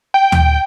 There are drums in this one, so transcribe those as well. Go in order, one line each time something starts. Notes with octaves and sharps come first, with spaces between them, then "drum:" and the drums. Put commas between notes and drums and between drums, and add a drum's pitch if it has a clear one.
G5
drum: tom